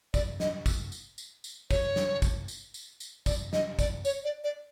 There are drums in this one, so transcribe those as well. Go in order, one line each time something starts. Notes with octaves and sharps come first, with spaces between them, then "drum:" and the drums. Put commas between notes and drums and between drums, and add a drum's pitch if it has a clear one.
D5, drum: kick, tambourine
D#5, drum: snare
drum: kick, tambourine
drum: tambourine
drum: tambourine
drum: tambourine
C#5, drum: kick, tambourine
drum: snare
drum: kick, tambourine
drum: tambourine
drum: tambourine
drum: tambourine
D5, drum: kick, tambourine
D#5, drum: snare
D5, drum: kick, tambourine
C#5, drum: tambourine
D5
D5